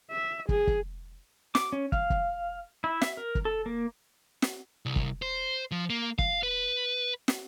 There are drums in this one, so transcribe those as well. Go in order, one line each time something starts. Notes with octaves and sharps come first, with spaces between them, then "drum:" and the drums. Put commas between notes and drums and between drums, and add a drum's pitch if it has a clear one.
E5
G#4, drum: kick
drum: kick
D6, drum: snare
C#4
F5, drum: kick
drum: kick
E4
E5, drum: snare
A#4
drum: kick
A4
A#3
drum: snare
C2
drum: kick
C5
F3
A#3
F5, drum: kick
B4
drum: snare